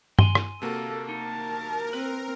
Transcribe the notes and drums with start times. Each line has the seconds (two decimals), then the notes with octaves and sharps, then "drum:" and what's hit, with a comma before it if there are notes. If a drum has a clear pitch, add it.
0.19 G#5 C6, drum: tom G2
0.35 drum: rim click
0.62 C3 A#3 F#4 A4
1.09 D#4 A#4 A5
1.93 C4 B4